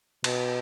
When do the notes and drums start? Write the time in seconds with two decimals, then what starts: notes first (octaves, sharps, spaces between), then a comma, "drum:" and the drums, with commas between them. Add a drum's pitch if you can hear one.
0.24 B2, drum: cymbal